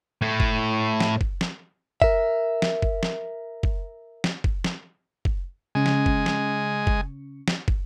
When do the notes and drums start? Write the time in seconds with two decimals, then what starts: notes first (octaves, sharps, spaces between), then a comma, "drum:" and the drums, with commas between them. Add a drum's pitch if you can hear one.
0.22 A2
0.40 drum: kick
1.00 drum: snare
1.21 drum: kick
1.41 drum: snare
2.02 A#4 E5, drum: kick
2.62 drum: snare
2.82 drum: kick
3.03 drum: snare
3.63 drum: kick
4.24 drum: snare
4.44 drum: kick
4.64 drum: snare
5.25 drum: kick
5.75 C#3 G#3 C#4 G#5
5.86 drum: snare
6.06 drum: kick
6.26 drum: snare
6.87 drum: kick
7.48 drum: snare
7.68 drum: kick